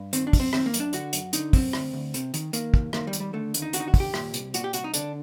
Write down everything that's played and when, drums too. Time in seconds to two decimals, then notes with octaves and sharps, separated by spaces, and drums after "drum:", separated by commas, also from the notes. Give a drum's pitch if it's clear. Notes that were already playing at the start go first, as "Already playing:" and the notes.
Already playing: G2
0.13 D#3 C4, drum: hi-hat
0.27 D4
0.33 F#2, drum: kick, open hi-hat
0.40 C4
0.53 D#3 C4, drum: rim click
0.66 A#3
0.74 F#2, drum: hi-hat
0.80 D4
0.93 D3 F#4, drum: hi-hat
1.13 F#2, drum: hi-hat
1.33 D3 D#4, drum: hi-hat
1.53 F#2 C4, drum: kick, open hi-hat
1.73 D2, drum: rim click
1.93 D2
2.14 C3, drum: hi-hat
2.34 D#3, drum: hi-hat
2.53 D#3 A#3, drum: hi-hat
2.74 D#2, drum: kick
2.93 D#3 A#3, drum: rim click
3.07 G3
3.13 D#2, drum: hi-hat
3.20 G3
3.33 D3 A3
3.54 D#2, drum: hi-hat
3.62 D#4
3.73 D3 F#4, drum: hi-hat
3.80 D#4
3.88 F#4
3.94 D#2, drum: kick, open hi-hat
4.00 G4
4.14 A#2, drum: rim click
4.34 C2, drum: hi-hat
4.54 A#2 F#4, drum: hi-hat
4.64 G4
4.73 C2 F#4, drum: hi-hat
4.84 D#4
4.94 D3 D4, drum: hi-hat